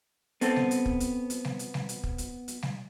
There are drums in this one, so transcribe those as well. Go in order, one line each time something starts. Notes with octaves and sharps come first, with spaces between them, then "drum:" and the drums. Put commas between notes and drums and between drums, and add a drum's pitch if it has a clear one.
B3 C4 A4, drum: hi-hat
drum: snare G3
drum: hi-hat
drum: kick
drum: hi-hat
drum: hi-hat
drum: snare G3
drum: hi-hat
drum: snare G3
drum: hi-hat
drum: kick
drum: hi-hat
drum: hi-hat
drum: snare G3